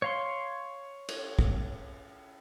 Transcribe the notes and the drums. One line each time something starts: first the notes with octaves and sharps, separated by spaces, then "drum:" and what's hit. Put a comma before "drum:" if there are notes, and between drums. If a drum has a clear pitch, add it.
C#5 F5 C6
drum: cymbal
drum: kick